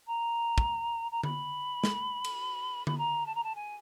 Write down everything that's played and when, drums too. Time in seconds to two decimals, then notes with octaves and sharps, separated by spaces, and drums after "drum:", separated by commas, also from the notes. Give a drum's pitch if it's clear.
0.07 A#5
0.58 drum: kick
1.11 A#5
1.23 B5, drum: tom D3
1.84 drum: snare
2.24 drum: cymbal
2.87 B5, drum: tom D3
2.98 A#5
3.26 A5
3.35 A#5
3.43 A5
3.55 G#5